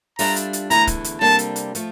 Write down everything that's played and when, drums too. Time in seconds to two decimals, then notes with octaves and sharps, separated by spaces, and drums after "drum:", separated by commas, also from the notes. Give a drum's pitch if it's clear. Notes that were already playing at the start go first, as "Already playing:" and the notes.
0.19 G3 D4 F4 A4 E5 A#5, drum: open hi-hat
0.36 drum: hi-hat
0.53 drum: hi-hat
0.70 E2 D3 A3 E4 A#5, drum: hi-hat
0.87 drum: kick, hi-hat
1.04 drum: hi-hat
1.21 C3 G3 A#3 D4 A4 A5
1.39 drum: hi-hat
1.56 drum: hi-hat
1.75 F3 A3, drum: hi-hat